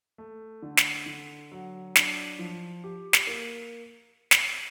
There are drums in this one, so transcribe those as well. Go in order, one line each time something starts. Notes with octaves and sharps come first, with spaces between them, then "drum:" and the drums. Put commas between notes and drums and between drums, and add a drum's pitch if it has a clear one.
A3
D3
drum: snare
D3
F#3
D4, drum: snare
F3
G4
drum: snare
A#3
drum: snare